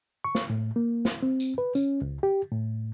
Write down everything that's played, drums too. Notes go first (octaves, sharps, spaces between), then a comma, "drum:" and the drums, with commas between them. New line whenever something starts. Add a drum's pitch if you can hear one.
C#6
drum: snare
A2
A#3
drum: snare
C4
drum: tambourine
B4
C#4, drum: tambourine
C#2
G4
A2